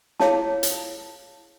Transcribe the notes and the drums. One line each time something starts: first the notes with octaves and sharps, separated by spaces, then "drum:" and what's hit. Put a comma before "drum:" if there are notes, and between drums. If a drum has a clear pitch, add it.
E4 G#4 C#5 F5 A5, drum: snare
drum: hi-hat